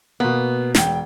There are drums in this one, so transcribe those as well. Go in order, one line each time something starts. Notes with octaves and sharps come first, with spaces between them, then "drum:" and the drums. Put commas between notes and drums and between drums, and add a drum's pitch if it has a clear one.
B2 A#3 B3
E1 G5, drum: snare